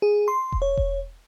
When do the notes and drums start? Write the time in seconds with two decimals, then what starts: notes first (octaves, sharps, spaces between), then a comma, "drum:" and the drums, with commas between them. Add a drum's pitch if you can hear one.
0.02 G#4
0.28 C6
0.52 drum: kick E1
0.62 C#5
0.77 drum: kick E1